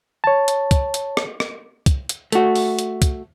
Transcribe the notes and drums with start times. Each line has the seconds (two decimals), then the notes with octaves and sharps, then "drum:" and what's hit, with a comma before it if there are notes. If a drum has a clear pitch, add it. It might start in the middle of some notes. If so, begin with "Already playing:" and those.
0.24 C#5 A5
0.48 drum: hi-hat
0.71 drum: kick, hi-hat
0.94 drum: hi-hat
1.17 drum: rim click
1.40 drum: rim click
1.86 drum: kick, hi-hat
2.09 drum: hi-hat
2.32 A3 F#4, drum: hi-hat
2.56 drum: open hi-hat
2.79 drum: hi-hat
3.02 drum: kick, hi-hat